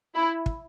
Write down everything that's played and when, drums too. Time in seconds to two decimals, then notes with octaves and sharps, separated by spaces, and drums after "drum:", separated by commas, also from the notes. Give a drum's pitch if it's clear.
0.15 E4
0.46 drum: kick